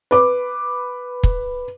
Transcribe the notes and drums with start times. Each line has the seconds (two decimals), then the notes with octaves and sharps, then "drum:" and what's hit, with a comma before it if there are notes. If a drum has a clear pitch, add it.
0.11 B4 D6
1.23 drum: kick